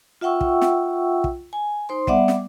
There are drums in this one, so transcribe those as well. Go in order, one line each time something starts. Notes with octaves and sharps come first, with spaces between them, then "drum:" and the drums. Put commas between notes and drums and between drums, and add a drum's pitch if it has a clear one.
F4 E5 F#5 G5 C#6 E6
drum: kick
drum: snare
drum: kick
G#5
D#4 C5 C6
G3 B3 D5 E5 F#5 D6, drum: kick
drum: snare